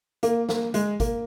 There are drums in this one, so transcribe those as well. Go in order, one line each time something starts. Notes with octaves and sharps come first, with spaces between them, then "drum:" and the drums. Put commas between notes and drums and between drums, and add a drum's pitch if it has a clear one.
A#3, drum: hi-hat
A#3, drum: snare
G#3, drum: hi-hat
A#3, drum: kick G#1, hi-hat